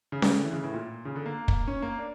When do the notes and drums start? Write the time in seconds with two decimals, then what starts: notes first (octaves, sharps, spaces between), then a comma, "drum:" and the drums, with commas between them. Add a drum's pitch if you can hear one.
0.12 C#3
0.22 C#3, drum: snare C#4
0.32 D3
0.43 E3
0.53 C#3
0.63 A2
0.74 A#2
1.05 C#3
1.15 D3
1.26 A#3
1.48 drum: kick
1.67 C#4
1.82 A#3
1.99 D4